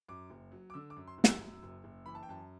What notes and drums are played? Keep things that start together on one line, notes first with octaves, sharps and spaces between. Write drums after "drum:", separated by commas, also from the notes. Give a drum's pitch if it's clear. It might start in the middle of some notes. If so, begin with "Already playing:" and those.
F#2 D6
F#1
F#3
D6
D3 E6
D6
F#2
C6
F#1
E6, drum: snare
F#2
F#1
F#1
E3 B5
A5
G5
F#2 A5